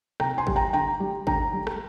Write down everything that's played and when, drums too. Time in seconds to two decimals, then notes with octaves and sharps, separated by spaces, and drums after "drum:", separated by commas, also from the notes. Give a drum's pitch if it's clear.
0.20 C3 G5 A#5, drum: rim click
0.38 G#5 C6
0.47 G3, drum: kick G#1
0.56 G5 A#5
0.73 D3 G5 A#5
1.00 G3
1.27 D3 G5 A#5, drum: kick G#1
1.53 G3
1.67 drum: rim click